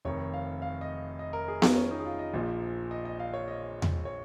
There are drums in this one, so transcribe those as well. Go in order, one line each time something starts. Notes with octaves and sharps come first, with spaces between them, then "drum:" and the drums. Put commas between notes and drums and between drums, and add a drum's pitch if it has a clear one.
F1 F2 D#3 C#5
F5
F5
D#5
D#5
A#4
G#4
F4, drum: snare B3
C#4
D#4
G#4
F4
D#5
A#1 A#2 F3
D#5
D#5
F5
C#5
D#5
drum: tom E2
C#5